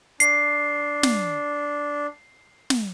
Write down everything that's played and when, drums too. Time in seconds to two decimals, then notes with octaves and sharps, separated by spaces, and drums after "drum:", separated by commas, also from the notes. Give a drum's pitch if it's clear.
0.20 D4 C7, drum: hi-hat
1.03 drum: snare
2.70 drum: snare